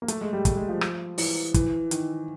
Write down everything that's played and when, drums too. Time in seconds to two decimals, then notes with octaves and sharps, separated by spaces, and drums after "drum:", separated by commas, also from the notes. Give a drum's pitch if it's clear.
0.02 A#3
0.08 A3, drum: hi-hat
0.21 G#3
0.33 G3
0.45 A3, drum: kick, hi-hat
0.57 G#3
0.69 F3
0.81 drum: rim click
1.18 E3, drum: open hi-hat
1.54 E3, drum: kick, hi-hat
1.91 D#3, drum: hi-hat